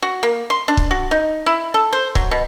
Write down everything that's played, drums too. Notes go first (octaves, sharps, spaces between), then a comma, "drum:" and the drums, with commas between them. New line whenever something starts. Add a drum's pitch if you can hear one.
F#4
A#3
C6
D4
drum: kick
F#4
D#4
E4
A4
C5
F#3, drum: kick
B2